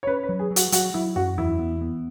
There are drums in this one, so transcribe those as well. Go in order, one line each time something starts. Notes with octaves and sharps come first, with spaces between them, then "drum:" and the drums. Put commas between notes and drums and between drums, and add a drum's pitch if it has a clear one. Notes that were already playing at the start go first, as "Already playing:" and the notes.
C#5
C#4 B4
B4
F#3
G#4
F#3
F#4, drum: hi-hat
F#3 F#4, drum: hi-hat
F#3 E4
F#2 F#4
E2 E4
B3
B3